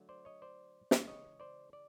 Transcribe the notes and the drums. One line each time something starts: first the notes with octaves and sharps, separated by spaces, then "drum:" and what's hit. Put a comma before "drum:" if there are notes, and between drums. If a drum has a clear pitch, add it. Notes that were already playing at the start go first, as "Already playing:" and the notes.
Already playing: D3 F#3 A3
C5 D5
C#5 D#5
C5 D5
drum: snare
C#3 E3 G#3 C#5 D#5
C5 D5
D5